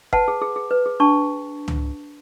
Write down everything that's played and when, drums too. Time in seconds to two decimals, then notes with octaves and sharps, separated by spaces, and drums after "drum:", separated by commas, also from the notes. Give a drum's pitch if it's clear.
0.13 B4 F#5 A5, drum: kick F#1
0.28 G#4
0.42 G#4
0.56 G#4
0.71 B4
0.86 G#4
1.00 D4 A5 C#6
1.68 drum: tom